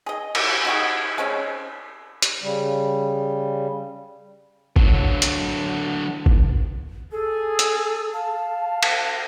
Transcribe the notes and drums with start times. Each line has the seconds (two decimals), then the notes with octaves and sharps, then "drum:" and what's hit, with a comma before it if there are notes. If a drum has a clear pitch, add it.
0.06 G#4 D#5
0.35 A#4, drum: cymbal
0.65 D#4 F#4 G#4
1.18 G#3 C4 C#4
2.22 drum: hi-hat
2.42 C#3 G3
4.76 D3 F#3, drum: kick G#1
5.22 drum: hi-hat
6.26 drum: kick G#1
7.12 G#4 A4
7.59 drum: hi-hat
8.13 F5 A5
8.83 drum: cymbal